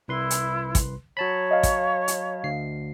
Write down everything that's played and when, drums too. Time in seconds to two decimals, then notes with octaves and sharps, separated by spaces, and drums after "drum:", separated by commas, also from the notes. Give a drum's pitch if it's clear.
0.08 C2 E4 B4 C6
0.30 drum: hi-hat
0.75 drum: kick, hi-hat
1.17 F#3 C#5 A5 B5
1.51 D#5 F5
1.63 drum: kick, hi-hat
2.08 drum: hi-hat
2.44 D2 C7